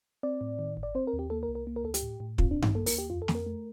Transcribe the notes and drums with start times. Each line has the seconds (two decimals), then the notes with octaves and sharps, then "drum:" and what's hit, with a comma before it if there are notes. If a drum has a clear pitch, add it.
0.23 C4 D5
0.41 A2
0.59 D#3
0.77 G1
0.83 D5
0.95 C4 C5
1.07 A#4
1.13 D#2
1.19 G4
1.30 A#3 A4
1.43 A#4
1.48 C2
1.55 A#4
1.67 A#3
1.76 A#4
1.84 D2 A4
1.94 G4, drum: hi-hat
2.02 A2
2.20 A2
2.38 C4 F4, drum: kick
2.51 D4
2.57 A#1
2.62 D#4, drum: tom G2
2.75 A#3 A4
2.86 A#4, drum: open hi-hat
2.92 D#2
2.98 G4
3.10 F2 F4
3.22 A4
3.28 F2, drum: snare
3.35 A#4
3.46 A3